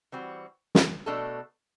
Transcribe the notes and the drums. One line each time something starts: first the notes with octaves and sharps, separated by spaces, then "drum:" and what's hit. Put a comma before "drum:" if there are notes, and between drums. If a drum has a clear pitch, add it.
E3 G3 C4 F#4
drum: snare
B2 A3 D4 A4